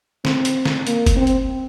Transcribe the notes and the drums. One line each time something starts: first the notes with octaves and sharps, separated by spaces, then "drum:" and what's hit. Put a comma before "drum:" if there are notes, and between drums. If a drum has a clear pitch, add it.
C4, drum: snare
drum: hi-hat
drum: snare
A#3, drum: hi-hat
drum: kick, hi-hat
C4
drum: hi-hat